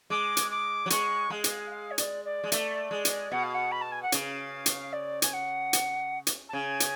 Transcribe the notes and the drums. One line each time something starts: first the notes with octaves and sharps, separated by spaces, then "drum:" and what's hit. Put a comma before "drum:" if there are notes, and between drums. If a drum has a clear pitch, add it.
G#3 D6
drum: hi-hat
D6
F#3
G#3 C#6, drum: hi-hat
G#3 F5
drum: hi-hat
F5
C#5
D5, drum: hi-hat
D5
G#3
A3, drum: hi-hat
G#3
drum: hi-hat
B2 F#5
F5
F#5
B5
A5
G#5
F#5
C#3 F5, drum: hi-hat
drum: hi-hat
D5
G#5, drum: hi-hat
F#5
drum: hi-hat
drum: hi-hat
A5
C#3 G#5
drum: hi-hat